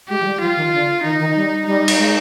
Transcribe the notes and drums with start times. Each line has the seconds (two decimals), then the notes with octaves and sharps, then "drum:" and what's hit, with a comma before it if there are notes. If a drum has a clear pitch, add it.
0.09 G#3 G4
0.21 F3
0.26 G3
0.40 F3 F4
0.56 D#3
0.72 D3
1.03 D#3 D#4
1.20 D#3
1.36 G3
1.66 G3 D#4
1.88 drum: cymbal
1.98 G#3